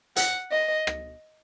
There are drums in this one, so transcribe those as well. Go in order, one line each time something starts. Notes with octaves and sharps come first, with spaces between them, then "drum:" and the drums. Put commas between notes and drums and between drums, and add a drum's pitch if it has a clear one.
F#5, drum: hi-hat
D#5
drum: rim click